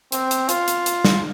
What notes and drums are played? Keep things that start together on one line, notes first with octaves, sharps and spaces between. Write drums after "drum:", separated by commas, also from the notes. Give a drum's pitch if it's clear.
C4, drum: hi-hat
drum: hi-hat
F4, drum: hi-hat
drum: hi-hat
drum: hi-hat
drum: snare